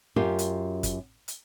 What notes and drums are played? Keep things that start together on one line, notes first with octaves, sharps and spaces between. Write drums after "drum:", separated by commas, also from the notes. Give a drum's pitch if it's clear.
F#2 F4 G4 A#4
drum: hi-hat
drum: kick G1, hi-hat
drum: hi-hat